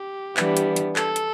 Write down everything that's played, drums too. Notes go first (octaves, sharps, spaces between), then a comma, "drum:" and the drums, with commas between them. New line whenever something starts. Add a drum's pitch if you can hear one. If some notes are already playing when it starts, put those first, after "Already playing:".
Already playing: G4
E3 G3 B3 D4, drum: clap
drum: hi-hat
drum: hi-hat
A4, drum: clap
drum: hi-hat